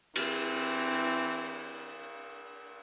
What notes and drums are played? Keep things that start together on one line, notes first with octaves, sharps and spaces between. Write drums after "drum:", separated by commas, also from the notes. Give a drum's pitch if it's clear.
E3 C4, drum: cymbal